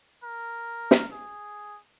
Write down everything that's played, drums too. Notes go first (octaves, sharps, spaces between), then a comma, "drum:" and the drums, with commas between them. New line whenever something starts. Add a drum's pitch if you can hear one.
A#4
drum: snare
G#4